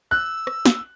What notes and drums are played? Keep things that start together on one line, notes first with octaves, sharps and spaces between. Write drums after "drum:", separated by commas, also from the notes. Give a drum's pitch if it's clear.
E6 F#6
drum: rim click
drum: snare